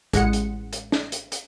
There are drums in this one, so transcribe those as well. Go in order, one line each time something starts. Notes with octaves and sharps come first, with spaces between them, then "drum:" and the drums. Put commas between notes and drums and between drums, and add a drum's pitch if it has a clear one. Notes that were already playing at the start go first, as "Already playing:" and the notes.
A1 G#3 F#5 C#7, drum: kick, hi-hat
drum: hi-hat
drum: hi-hat
drum: snare
drum: hi-hat
drum: hi-hat